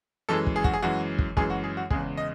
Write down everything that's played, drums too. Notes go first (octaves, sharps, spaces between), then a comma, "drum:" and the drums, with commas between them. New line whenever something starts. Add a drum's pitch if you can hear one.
F#2 E3 G#3 A4
drum: kick
G#4
F#4, drum: kick
G#4
F#2 E3 G#3 F#4
drum: kick
F#2 E3 G#3 G#4, drum: kick
F#4
G#4
F#4
E2 C#3 G#3 G#4, drum: kick
D#5